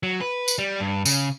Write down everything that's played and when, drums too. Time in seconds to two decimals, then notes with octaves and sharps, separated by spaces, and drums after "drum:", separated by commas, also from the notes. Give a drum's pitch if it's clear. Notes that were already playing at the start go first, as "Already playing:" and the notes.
0.03 F#3
0.21 B4
0.48 drum: tambourine
0.59 G3
0.81 G2
1.06 C#3, drum: tambourine